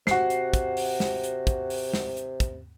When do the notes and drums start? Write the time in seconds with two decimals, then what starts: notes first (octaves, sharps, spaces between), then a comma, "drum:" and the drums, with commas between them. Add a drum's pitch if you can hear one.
0.07 C3 F#4 C7, drum: snare
0.30 drum: hi-hat
0.53 drum: kick, hi-hat
0.77 drum: open hi-hat
1.00 drum: snare
1.24 drum: hi-hat
1.47 drum: kick, hi-hat
1.70 drum: open hi-hat
1.94 drum: snare
2.17 drum: hi-hat
2.40 drum: kick, hi-hat